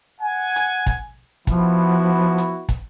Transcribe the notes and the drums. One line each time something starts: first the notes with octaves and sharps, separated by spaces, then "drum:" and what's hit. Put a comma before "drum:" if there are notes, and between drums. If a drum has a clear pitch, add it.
F#5 G#5
drum: hi-hat
drum: kick, hi-hat
F3 B3 E4 F#4, drum: kick, hi-hat
drum: hi-hat
drum: kick, hi-hat